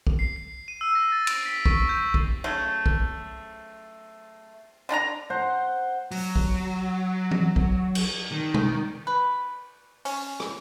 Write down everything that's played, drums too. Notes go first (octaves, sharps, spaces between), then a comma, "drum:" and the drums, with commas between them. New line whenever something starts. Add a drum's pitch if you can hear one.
drum: kick B1
C7
C7
D#7
E6
A#6
A6
D7, drum: cymbal
B6
C#6, drum: kick B1
G6
drum: kick B1
C#3 F#3 A3
drum: kick B1
D3 D4 F#5 A#5
C5 F#5
F#3, drum: open hi-hat
drum: kick B1
drum: tom E3
drum: kick B1
drum: cymbal
D#3
drum: tom B2
B4
C#4, drum: open hi-hat
drum: rim click